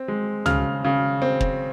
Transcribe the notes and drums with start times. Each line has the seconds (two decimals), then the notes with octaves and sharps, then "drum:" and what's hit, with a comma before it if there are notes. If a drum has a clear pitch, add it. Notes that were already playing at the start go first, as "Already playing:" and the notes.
Already playing: C4
0.08 G#3
0.46 C#3 F6, drum: tom C#2
0.84 C#3
1.22 C4
1.40 drum: kick